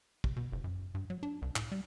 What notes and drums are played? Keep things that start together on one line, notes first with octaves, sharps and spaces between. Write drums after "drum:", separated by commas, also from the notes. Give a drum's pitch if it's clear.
C3, drum: kick
B2
F#1
F#2
G2
F#3
D4
C2
A2, drum: clap
G3